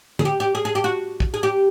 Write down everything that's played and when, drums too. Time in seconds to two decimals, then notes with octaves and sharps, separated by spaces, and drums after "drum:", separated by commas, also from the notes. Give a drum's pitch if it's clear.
0.19 G#4, drum: tom
0.25 G4
0.40 G4
0.55 G#4
0.65 G#4
0.75 G4
0.84 F#4
1.20 drum: kick
1.34 G#4
1.43 G4